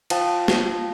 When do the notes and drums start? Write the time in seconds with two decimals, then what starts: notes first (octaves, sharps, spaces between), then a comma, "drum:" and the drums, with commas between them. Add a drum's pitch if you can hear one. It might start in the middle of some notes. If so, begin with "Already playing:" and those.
0.10 F3 G5 A5, drum: cymbal
0.48 drum: snare